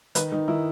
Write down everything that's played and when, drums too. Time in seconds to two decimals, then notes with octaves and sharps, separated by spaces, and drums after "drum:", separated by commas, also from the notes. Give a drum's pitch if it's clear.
0.15 D#3 B4, drum: hi-hat
0.32 D#3 D#4
0.48 D#3 E4